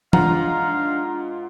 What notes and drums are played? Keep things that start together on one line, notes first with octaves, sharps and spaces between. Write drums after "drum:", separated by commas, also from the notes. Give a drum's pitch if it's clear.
G#2 D4 F4 F5 F#5 A#5, drum: tom